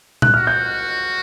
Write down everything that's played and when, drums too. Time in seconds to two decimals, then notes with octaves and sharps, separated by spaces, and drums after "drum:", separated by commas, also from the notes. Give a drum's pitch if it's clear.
0.22 F#6, drum: tom A#2
0.34 F#4 F6
0.47 G6